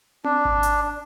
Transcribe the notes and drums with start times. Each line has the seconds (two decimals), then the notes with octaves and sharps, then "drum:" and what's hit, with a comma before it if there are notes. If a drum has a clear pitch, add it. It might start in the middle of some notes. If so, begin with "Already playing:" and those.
0.24 D4, drum: tom C4
0.45 drum: kick G#1
0.63 drum: hi-hat